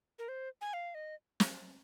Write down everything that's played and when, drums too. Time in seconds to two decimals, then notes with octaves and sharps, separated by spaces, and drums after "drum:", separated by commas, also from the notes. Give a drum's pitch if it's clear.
0.19 A#4
0.28 C5
0.61 G#5
0.73 F5
0.95 D#5
1.40 drum: snare